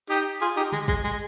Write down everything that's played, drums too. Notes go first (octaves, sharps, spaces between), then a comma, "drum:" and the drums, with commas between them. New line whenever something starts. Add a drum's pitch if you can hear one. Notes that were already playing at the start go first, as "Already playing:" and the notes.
D#4 G4
F4 G#4
D#4 G4
G#3, drum: tom C#3
G#3, drum: kick
G#3